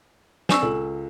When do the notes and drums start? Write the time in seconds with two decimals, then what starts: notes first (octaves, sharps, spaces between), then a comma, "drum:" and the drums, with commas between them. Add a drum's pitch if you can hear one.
0.49 C4 D5 G#5 C#6 E6 E7, drum: snare
0.62 C#2 A4